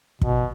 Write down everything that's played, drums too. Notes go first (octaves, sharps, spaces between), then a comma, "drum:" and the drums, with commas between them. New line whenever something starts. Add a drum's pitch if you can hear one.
B2, drum: kick